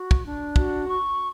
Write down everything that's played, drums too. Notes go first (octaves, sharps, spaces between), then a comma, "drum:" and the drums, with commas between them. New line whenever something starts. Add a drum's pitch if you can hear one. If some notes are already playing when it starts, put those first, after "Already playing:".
Already playing: F#4
drum: kick
D4
F#4, drum: kick
C#6